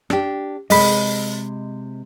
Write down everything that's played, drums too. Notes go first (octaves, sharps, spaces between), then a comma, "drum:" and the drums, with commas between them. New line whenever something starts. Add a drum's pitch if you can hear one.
D4 G4, drum: rim click
C3 G#3 D#5 B5, drum: open hi-hat